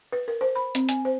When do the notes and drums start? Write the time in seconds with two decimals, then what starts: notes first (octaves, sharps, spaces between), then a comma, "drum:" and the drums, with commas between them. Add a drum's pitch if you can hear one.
0.12 B4
0.28 A#4
0.41 C5
0.56 B5
0.75 C4, drum: hi-hat
0.89 G#5, drum: hi-hat
1.05 C5